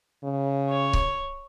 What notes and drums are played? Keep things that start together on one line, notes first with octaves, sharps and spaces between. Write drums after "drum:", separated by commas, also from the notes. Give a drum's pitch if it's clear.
C#3
C#5
drum: kick C#1